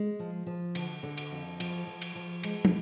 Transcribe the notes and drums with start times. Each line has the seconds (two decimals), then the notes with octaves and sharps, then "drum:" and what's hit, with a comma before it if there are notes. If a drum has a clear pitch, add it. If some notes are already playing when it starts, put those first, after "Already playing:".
Already playing: G#3
0.20 F3
0.47 F3
0.75 D3, drum: cymbal
1.03 D3
1.17 drum: cymbal
1.31 F2
1.60 F3, drum: cymbal
1.87 F3
2.02 drum: cymbal
2.16 F3
2.43 G#3, drum: cymbal
2.65 drum: tom